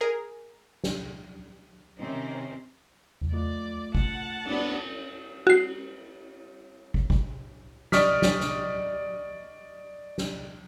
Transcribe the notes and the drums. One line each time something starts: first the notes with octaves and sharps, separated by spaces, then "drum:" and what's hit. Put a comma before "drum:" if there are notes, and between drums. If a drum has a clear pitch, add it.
G#4 A#4
drum: snare
C3 D#3 C4 C#4 D#4 C5
drum: tom E2
A3 F4 D5
F#5 A5, drum: kick
B3 D4, drum: cymbal
F#4 C7, drum: cymbal
drum: kick
drum: kick
D5 D#5 C#6 D#6 F6 B6, drum: snare
drum: snare
drum: snare
drum: snare